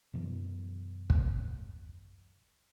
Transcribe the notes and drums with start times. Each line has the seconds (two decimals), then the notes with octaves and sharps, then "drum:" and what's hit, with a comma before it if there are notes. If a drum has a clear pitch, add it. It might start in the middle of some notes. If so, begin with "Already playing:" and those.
0.13 F#2 B2 E3 F#3
1.10 drum: kick